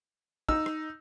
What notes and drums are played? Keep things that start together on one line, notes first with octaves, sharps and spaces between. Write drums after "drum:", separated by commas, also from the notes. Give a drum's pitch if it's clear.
D#4 E6, drum: kick
drum: rim click